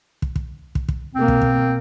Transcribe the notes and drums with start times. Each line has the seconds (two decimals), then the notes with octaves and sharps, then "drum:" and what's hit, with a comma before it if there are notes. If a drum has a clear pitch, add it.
0.22 drum: kick
0.36 drum: kick
0.75 drum: kick
0.89 drum: kick
1.15 B2 A#3 C4
1.28 drum: kick
1.41 drum: kick